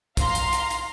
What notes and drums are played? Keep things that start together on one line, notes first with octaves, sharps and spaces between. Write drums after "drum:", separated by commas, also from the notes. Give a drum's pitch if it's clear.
F5 A#5 C6, drum: kick, hi-hat
drum: hi-hat
drum: hi-hat
drum: hi-hat